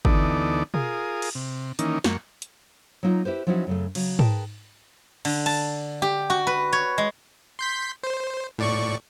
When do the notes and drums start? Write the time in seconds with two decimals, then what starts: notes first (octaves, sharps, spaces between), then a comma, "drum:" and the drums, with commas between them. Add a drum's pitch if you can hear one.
0.05 D2 E3 B3 D#4 A4 D5, drum: kick
0.74 F4 G#4 A#4 D#6, drum: tom B2
1.22 drum: cymbal
1.35 C3
1.79 D#3 E3 A#3 C#4 D#4, drum: hi-hat
2.04 F#2 A#3 C#6, drum: snare
2.42 drum: hi-hat
3.03 F#3 A#3 D#4 F4
3.25 E4 G4 B4 C5
3.47 F3 F#3 C#4 D#4 E4 F#4
3.67 F#2 C#3 A3
3.95 C#3 F#3, drum: cymbal
4.19 G#4 A#4 B4 G5 A5, drum: tom G#2
5.25 D3, drum: cymbal
5.46 A5, drum: cymbal
6.02 G4
6.30 F#4
6.47 B4
6.73 C#5
6.98 G#3
7.59 C6 G6 B6
8.03 C5
8.58 A2 D5 C#6